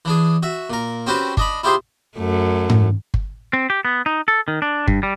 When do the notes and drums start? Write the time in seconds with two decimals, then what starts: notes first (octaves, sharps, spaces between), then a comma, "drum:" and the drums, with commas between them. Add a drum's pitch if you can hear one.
0.05 E3 D4 G#4
0.43 F#4 E5
0.70 A#2 A#4
1.07 C4 C#4 F#4 G4 B4 C5
1.37 D4 D#5 B5, drum: kick G1
1.63 E4 F4 G4 G#4 C5 C6
2.17 F#2 A3
2.70 drum: tom G#2
3.14 drum: kick G1
3.53 C4
3.70 G4
3.85 B3
4.06 D#4
4.28 A4
4.48 D#3
4.62 D4
4.87 G2, drum: kick G1
5.03 G3